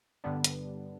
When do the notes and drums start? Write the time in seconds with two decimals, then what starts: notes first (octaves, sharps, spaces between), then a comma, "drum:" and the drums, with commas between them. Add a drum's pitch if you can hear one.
0.24 G2 D3 G3 B3 D4
0.44 drum: hi-hat